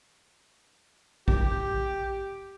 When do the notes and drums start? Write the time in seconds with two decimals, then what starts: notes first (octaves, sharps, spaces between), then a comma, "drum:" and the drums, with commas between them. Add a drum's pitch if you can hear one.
1.28 G4, drum: kick A#1